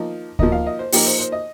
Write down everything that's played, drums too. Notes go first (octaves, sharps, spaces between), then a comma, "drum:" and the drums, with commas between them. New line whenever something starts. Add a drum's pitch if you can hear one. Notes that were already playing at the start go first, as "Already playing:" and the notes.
Already playing: F3 A#3 D#4
F3 A#3 D#4 D#5, drum: kick D2
F5
D#5
C5
F3 A#3 D#4 G4, drum: open hi-hat
C5
C5
D#5